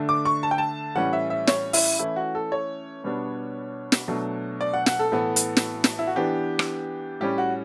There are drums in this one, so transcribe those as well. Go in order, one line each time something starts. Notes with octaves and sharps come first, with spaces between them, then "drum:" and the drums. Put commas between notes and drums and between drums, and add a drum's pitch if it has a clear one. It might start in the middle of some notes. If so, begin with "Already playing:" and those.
Already playing: D3 A3 D4
D6
C#6
A5
G5
A5
A2 E3 G3 C#4 F#5
E5
E5
C#5, drum: snare
E4, drum: open hi-hat
E3 A3 C#4 E4
F#4
A4
C#5
B2 G3 B3 D4
drum: snare
B2 F#3 A3 D4
D5
F#5
F#5, drum: snare
A4
A2 E3 B3
drum: hi-hat
drum: snare
drum: snare
E4
F#4
E3 B3 D4 G4
drum: rim click
A2 G3 C#4 G4
F#4